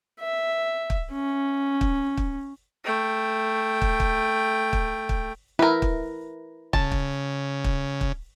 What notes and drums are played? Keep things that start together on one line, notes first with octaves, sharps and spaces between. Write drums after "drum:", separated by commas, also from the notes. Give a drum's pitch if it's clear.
E5
drum: kick
C#4
drum: kick
drum: kick
A3 G5
drum: kick
drum: kick
drum: kick
drum: kick
E4 A#4 B4
drum: kick
C#3 A5, drum: kick
drum: kick
drum: kick
drum: kick